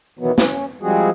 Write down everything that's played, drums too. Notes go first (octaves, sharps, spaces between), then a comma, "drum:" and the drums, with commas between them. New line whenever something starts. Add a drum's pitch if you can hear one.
B2 D#3 E3 F#3 B3
C#4, drum: snare
F3 G3 G#3 C4 F#4 G#4